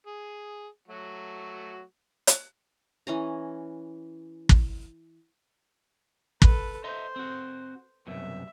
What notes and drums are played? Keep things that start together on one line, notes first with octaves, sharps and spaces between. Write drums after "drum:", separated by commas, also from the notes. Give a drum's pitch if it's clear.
G#4
F#3 A3 F#4
drum: hi-hat
E3 C#4 A#5
drum: kick
A4 B4, drum: kick
C5 D#5 E5 A#5
C4 F#4
C2 F#2 B2 E5